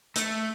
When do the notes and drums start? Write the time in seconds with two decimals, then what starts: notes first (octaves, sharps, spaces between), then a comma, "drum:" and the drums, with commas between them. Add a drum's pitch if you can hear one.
0.16 A3, drum: hi-hat